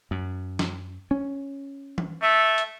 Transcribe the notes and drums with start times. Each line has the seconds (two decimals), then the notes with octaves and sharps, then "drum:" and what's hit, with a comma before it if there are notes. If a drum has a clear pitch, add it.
0.11 F#2
0.59 drum: snare
1.11 C#4
1.98 drum: tom E3
2.22 A3 E5
2.58 drum: hi-hat